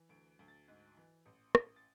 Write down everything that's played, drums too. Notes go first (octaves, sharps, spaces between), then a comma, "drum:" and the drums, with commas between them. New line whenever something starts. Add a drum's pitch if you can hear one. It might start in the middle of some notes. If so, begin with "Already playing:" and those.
Already playing: E3
D2 D7
D2
A6
G#2
E3
A1
A1, drum: rim click
A6